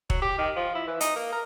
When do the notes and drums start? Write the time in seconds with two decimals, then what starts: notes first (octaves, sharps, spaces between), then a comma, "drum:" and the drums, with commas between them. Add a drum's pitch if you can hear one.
0.10 F#3, drum: kick
0.22 G4
0.38 D#3
0.56 F3
0.75 E4
0.87 E3
1.01 D#4, drum: hi-hat
1.16 A#3
1.32 A#4